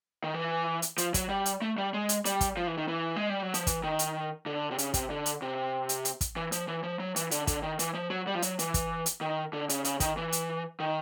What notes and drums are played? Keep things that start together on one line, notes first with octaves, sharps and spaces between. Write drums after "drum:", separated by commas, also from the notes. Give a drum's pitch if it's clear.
D#3
E3
drum: hi-hat
F3, drum: hi-hat
F#3, drum: kick, hi-hat
G3
drum: hi-hat
A3
G3
G#3
drum: hi-hat
G3, drum: hi-hat
drum: kick, hi-hat
F3
E3
D#3
E3
G#3
G3
F#3
F3, drum: hi-hat
E3, drum: kick, hi-hat
D#3
drum: hi-hat
D3
C3
C#3, drum: hi-hat
C3, drum: kick, hi-hat
D3
drum: hi-hat
C3
drum: hi-hat
drum: hi-hat
drum: kick, hi-hat
E3
F3, drum: hi-hat
E3
F3
F#3
E3, drum: hi-hat
D3, drum: hi-hat
D3, drum: kick, hi-hat
D#3
E3, drum: hi-hat
F3
F#3
G3
F3
F#3, drum: hi-hat
E3, drum: hi-hat
drum: kick, hi-hat
drum: hi-hat
D#3
D3
C#3, drum: hi-hat
C#3, drum: hi-hat
D#3, drum: kick, hi-hat
E3
drum: hi-hat
D#3